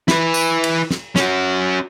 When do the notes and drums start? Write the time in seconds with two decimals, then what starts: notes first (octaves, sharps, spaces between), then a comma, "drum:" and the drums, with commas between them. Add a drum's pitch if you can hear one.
0.08 E4 B4, drum: snare
0.34 drum: tambourine
0.64 drum: cymbal
0.91 drum: snare
1.16 C#4 F#4, drum: snare